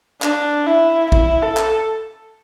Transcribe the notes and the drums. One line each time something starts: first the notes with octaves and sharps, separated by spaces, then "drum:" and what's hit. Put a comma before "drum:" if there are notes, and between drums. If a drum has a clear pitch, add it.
D4, drum: clap
E4
E4, drum: kick A#1
A4
drum: clap